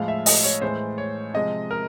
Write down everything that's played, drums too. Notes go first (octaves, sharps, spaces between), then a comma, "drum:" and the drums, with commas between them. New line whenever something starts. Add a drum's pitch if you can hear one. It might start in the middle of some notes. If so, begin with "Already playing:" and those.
Already playing: A2 F3 G#3 F5
E5
D#5, drum: open hi-hat
C#5
A2 E3 G#3 C5
C#5
C3 F3 G#3 D#5
A#4